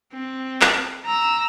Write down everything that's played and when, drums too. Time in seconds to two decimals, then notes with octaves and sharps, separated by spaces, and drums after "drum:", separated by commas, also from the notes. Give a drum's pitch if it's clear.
0.13 C4
0.61 drum: clap
1.05 A#5 E6